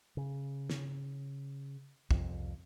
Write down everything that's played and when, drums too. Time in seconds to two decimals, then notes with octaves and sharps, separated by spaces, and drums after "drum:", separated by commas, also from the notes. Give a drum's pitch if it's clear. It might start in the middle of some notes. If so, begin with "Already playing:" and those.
0.17 C#3
0.70 drum: snare
2.11 C2 F2, drum: kick